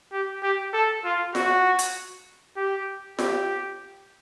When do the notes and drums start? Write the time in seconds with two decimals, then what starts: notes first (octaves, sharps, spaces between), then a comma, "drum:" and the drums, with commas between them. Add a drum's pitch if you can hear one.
0.12 G4
0.43 G4
0.74 A4
1.05 F4
1.35 F#4, drum: snare F4
1.79 drum: hi-hat
2.57 G4
3.19 G4, drum: snare F4